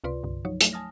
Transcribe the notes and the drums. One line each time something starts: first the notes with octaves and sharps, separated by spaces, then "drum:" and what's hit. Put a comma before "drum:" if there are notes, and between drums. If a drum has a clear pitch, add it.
C#2 C3 F4 B4 D5 C6
C2 G2 D3
F3 F#3 D#4 C#5
F#3 A3, drum: hi-hat
G#5 A5 D#6 F6 A#6